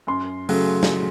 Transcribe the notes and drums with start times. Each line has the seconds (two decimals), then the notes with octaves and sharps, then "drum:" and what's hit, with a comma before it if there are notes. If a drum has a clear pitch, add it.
0.07 F#2 C6
0.49 C#3 F#3 A3, drum: open hi-hat
0.83 drum: snare